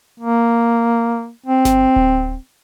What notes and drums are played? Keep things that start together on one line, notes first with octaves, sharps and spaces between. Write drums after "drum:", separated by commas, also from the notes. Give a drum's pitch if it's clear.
A#3
C4
drum: snare G1
drum: kick D1